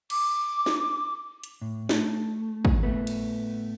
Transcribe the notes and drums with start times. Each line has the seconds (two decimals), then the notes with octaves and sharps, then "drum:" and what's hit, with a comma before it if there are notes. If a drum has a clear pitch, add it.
0.10 D6, drum: cymbal
0.66 drum: snare
1.44 drum: hi-hat
1.61 A2
1.89 A3, drum: snare
2.65 drum: kick
2.83 A2 A3 B3 B4
3.07 drum: cymbal